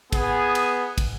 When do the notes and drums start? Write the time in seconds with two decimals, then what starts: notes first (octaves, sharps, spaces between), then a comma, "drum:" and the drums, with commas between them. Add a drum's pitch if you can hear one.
0.13 B3 G#4, drum: kick, cymbal
0.55 drum: cymbal
0.98 drum: kick, cymbal